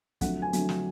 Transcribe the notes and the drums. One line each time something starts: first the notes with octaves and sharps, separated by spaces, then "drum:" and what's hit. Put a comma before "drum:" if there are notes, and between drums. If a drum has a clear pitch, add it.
F2 D3 F#3 A3 F#5, drum: kick, hi-hat
G#5
F2 D3 F#3 A3, drum: hi-hat
drum: snare